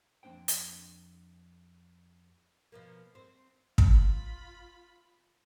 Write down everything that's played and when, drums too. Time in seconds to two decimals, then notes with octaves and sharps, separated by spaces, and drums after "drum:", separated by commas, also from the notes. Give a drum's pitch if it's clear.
0.23 F2 A#3 D4 C5 G5
0.48 drum: hi-hat
2.72 B2 F3 A#3
3.15 C4 C5
3.78 F4 B5, drum: kick